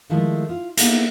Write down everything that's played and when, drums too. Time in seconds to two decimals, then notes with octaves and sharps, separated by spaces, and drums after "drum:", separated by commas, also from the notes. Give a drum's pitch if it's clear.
0.09 D#3 F3 G#3 A3 E4
0.49 F4
0.77 A#3 B3 D#4 E4 G#4 E5, drum: hi-hat